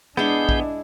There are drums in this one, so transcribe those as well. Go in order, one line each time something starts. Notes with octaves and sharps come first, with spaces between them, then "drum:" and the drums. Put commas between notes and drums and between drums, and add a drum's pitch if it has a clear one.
G#3 B3 D4 E4 G#4 G6
drum: kick A#1